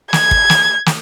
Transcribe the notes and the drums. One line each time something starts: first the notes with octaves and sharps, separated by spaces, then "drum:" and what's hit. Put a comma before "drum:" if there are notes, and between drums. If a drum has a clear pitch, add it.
G#6, drum: snare
drum: kick
drum: snare
drum: snare